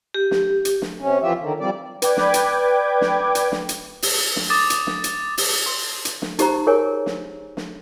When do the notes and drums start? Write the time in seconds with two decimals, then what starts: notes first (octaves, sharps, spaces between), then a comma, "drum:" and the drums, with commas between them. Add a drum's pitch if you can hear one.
0.14 G4
0.31 drum: snare
0.65 drum: hi-hat
0.82 drum: snare
1.01 C3 C#4
1.22 E3 F3 F4 G4 E5
1.40 D3 D#3
1.60 F3 G3 C4 D5
2.02 B4 D5 G5 D6 G#6, drum: hi-hat
2.17 drum: snare
2.34 drum: hi-hat
3.01 drum: snare
3.35 drum: hi-hat
3.52 drum: snare
3.69 drum: hi-hat
4.02 drum: open hi-hat
4.36 drum: snare
4.50 D6 D#6 A6
4.70 drum: hi-hat
4.87 drum: snare
5.04 drum: hi-hat
5.37 drum: open hi-hat
5.66 C6
6.05 drum: hi-hat
6.22 drum: snare
6.39 D#4 G4 C5 A#5, drum: hi-hat
6.67 G#4 A#4 C#5 G#5
7.06 drum: snare
7.57 drum: snare